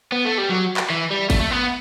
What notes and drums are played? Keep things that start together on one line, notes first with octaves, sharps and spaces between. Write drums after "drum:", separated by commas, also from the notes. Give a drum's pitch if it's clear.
B3
A3
G3
F#3
drum: clap
E3
G3
A3, drum: kick G1, cymbal
A3
B3